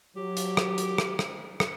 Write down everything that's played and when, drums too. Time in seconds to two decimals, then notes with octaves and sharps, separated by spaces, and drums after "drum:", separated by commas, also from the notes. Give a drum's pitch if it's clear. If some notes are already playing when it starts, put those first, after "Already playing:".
0.16 F#3 G4
0.37 drum: hi-hat
0.57 drum: rim click
0.78 drum: hi-hat
0.98 drum: rim click
1.19 drum: rim click
1.60 drum: rim click